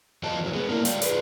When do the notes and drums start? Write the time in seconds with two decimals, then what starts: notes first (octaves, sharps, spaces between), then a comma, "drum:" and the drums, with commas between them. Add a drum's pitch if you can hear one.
0.23 E2 F3 D#5 A5
0.41 E2 F#3
0.53 G#3 B3
0.70 A3 A#3 D4 E4 A#4
0.85 F#3 G#3 A4 D5 F5 G5, drum: hi-hat
1.02 F4 G#4 B4 D5, drum: hi-hat